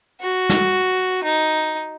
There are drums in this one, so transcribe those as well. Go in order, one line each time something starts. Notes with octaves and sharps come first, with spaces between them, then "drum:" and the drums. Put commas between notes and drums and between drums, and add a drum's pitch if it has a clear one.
F#4
drum: snare
D#4